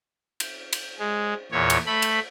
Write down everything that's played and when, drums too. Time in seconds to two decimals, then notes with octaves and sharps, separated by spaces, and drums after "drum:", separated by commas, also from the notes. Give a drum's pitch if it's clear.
0.40 drum: cymbal
0.73 drum: cymbal
0.99 G#3
1.52 E2 A#2 C#5
1.70 drum: cymbal
1.86 A3 B5
2.02 drum: cymbal